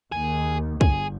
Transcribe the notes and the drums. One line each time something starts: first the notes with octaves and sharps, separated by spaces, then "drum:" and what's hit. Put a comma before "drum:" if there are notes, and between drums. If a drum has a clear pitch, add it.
D#2 G#4
G1 G#4, drum: kick